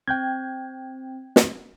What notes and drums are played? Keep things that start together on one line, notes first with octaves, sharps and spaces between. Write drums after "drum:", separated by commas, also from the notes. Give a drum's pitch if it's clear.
C4 G5 G6 G#6
drum: snare